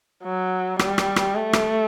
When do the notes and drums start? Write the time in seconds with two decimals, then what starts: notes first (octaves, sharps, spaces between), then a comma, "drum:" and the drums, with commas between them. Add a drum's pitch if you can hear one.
0.24 F#3
0.79 G3, drum: rim click
0.98 drum: rim click
1.16 drum: rim click
1.35 A3
1.53 drum: rim click